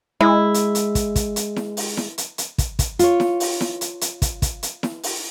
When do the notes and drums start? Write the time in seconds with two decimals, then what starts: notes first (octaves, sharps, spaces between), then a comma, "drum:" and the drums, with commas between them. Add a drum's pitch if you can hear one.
0.21 G#3 E4
0.54 drum: hi-hat
0.75 drum: hi-hat
0.95 drum: kick, hi-hat
1.16 drum: kick, hi-hat
1.36 drum: hi-hat
1.56 drum: snare E4
1.77 drum: open hi-hat
1.97 drum: snare E4
2.18 drum: hi-hat
2.38 drum: hi-hat
2.58 drum: kick, hi-hat
2.79 drum: kick, hi-hat
2.99 F4 C#5, drum: hi-hat
3.20 drum: snare E4
3.40 drum: open hi-hat
3.61 drum: snare E4
3.81 drum: hi-hat
4.01 drum: hi-hat
4.22 drum: kick, hi-hat
4.42 drum: kick, hi-hat
4.63 drum: hi-hat
4.83 drum: snare E4
5.03 drum: open hi-hat